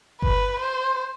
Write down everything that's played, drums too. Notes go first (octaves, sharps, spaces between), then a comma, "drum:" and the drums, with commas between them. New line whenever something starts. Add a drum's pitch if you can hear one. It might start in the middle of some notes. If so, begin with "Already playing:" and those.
B4, drum: kick G1
C5